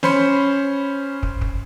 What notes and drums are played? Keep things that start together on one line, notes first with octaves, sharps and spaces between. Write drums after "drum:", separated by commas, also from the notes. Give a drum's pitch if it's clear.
C#4 C5 B5 C6 C#7, drum: snare
drum: kick
drum: kick